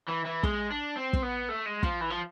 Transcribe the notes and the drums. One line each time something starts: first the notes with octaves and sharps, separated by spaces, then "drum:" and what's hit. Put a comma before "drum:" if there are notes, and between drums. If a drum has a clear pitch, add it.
E3
E3
G#3, drum: kick
D4
C4
drum: kick
B3
A3
G#3
F3, drum: kick
E3
F3